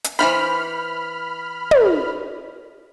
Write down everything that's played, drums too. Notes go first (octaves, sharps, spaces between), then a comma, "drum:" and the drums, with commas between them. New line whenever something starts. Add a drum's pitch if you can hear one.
drum: hi-hat
E3 F3 C5 B5 F6
drum: tom